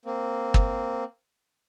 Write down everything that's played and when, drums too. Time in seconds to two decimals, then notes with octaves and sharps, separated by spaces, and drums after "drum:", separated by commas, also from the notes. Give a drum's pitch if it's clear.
0.05 A#3 C4
0.54 drum: kick